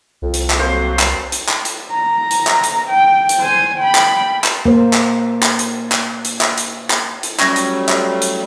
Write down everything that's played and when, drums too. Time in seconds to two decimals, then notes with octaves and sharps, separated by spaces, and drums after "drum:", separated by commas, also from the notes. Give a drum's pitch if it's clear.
0.22 C2 F2
0.34 drum: hi-hat
0.50 drum: clap
0.59 F#3 A#3 C4 C5
0.99 drum: clap
1.32 drum: hi-hat
1.49 drum: clap
1.65 drum: hi-hat
1.91 A#5
2.31 drum: hi-hat
2.47 drum: clap
2.64 drum: hi-hat
2.89 G5
3.29 drum: hi-hat
3.41 C5 G#5
3.79 G5 B5
3.95 drum: clap
4.44 drum: clap
4.66 A#3 C5
4.93 drum: clap
5.43 drum: clap
5.59 drum: hi-hat
5.92 drum: clap
6.25 drum: hi-hat
6.41 drum: clap
6.58 drum: hi-hat
6.90 drum: clap
7.23 drum: hi-hat
7.40 F#3 G3 A3 C#4 G#6 A#6, drum: clap
7.56 drum: hi-hat
7.89 drum: clap
8.22 drum: hi-hat